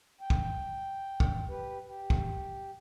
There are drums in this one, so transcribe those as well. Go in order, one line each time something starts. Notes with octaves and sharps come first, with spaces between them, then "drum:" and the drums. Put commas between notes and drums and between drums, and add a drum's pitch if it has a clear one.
G5
drum: kick
drum: kick
G4 B4
G4
drum: kick